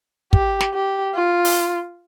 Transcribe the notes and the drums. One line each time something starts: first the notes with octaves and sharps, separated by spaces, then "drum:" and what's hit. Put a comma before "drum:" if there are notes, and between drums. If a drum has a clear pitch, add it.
G4, drum: kick
drum: snare
G4
F4
drum: open hi-hat